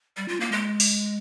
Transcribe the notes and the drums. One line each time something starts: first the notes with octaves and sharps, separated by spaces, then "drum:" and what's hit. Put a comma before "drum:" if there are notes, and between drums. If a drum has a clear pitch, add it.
G3
F4
A#3
G#3
drum: open hi-hat